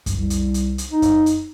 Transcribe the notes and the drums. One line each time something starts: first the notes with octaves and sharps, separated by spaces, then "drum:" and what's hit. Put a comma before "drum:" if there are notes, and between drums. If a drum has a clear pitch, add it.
C2, drum: kick F#2, hi-hat
drum: hi-hat
drum: hi-hat
drum: hi-hat
D#4
drum: kick F#2, hi-hat
drum: hi-hat